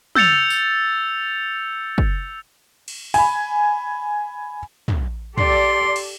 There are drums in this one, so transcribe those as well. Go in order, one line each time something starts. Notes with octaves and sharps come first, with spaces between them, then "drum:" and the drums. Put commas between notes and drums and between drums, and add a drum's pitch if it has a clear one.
E6 G6 A6 C#7 F7, drum: tom
drum: tambourine
drum: kick
drum: cymbal
G#5 B5, drum: open hi-hat
drum: tom
G4 A4 D5 C6, drum: tom
drum: cymbal